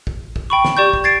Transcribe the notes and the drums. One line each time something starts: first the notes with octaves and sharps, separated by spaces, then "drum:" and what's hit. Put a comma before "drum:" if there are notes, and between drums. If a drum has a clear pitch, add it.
drum: kick
drum: kick
G5 B5 C#6
drum: snare
G4 D5 C#6 G6
drum: kick
G#6 A6 C7 D7